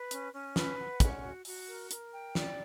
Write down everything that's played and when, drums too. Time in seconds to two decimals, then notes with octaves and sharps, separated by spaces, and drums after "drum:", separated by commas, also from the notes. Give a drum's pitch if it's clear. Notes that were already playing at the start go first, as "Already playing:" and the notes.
Already playing: B4
0.11 C#4, drum: hi-hat
0.34 C#4
0.56 B4, drum: snare
0.78 F#5
1.00 C#4, drum: kick, hi-hat
1.23 F#4
1.45 F#4, drum: open hi-hat
1.68 A#4
1.91 A#4, drum: hi-hat
2.13 G5
2.35 D5, drum: snare